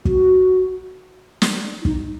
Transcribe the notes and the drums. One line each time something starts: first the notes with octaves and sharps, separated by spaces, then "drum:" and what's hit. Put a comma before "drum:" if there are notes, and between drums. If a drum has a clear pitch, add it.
F#4, drum: kick
drum: snare
E4
D#4, drum: kick